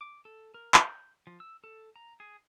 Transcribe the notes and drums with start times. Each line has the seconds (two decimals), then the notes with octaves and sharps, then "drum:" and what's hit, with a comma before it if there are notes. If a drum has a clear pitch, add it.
0.01 D6
0.25 A4
0.54 A#4
0.74 G6, drum: clap
1.27 F3
1.40 E6
1.64 A4
1.96 A#5
2.20 G#4